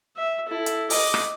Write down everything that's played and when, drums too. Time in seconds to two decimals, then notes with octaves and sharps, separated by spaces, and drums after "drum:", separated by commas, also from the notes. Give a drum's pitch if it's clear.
0.16 E5
0.47 E4 A4
0.66 drum: hi-hat
0.90 D#5 D6, drum: open hi-hat
1.14 drum: rim click